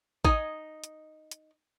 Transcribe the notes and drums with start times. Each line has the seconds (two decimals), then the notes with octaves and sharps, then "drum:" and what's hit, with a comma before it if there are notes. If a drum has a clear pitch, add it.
0.25 D#4 D#5 G#5, drum: kick A1
0.84 drum: hi-hat
1.31 drum: hi-hat